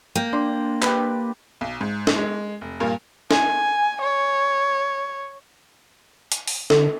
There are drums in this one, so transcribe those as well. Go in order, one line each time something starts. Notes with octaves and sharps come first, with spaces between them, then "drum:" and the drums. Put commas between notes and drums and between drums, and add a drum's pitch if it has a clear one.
A#3 G5
D4 C6
G4 B4, drum: clap
B1
G#2
drum: snare
G#3
F1
G2 A#2 A#3
G#5, drum: snare
C#5
drum: hi-hat
drum: open hi-hat
D3 A4, drum: snare